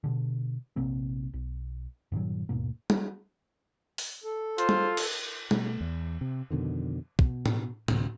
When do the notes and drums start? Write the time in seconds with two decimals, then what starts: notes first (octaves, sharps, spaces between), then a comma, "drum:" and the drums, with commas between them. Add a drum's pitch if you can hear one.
0.04 B2 D3
0.76 A#1 C3 A#3 C4
1.34 B1
2.12 G2 A#2 D#3 F#3
2.49 D#1 G#2 B2 A#3
2.90 drum: tom
3.98 drum: open hi-hat
4.24 A4
4.58 F4 C5, drum: hi-hat
4.69 drum: tom
4.97 drum: cymbal
5.51 B2 A3, drum: tom
5.81 E2
6.21 C3
6.51 F2 B2 D3 D#3
7.19 B2, drum: kick
7.46 drum: tom A2
7.88 D1 D2 C3, drum: tom A2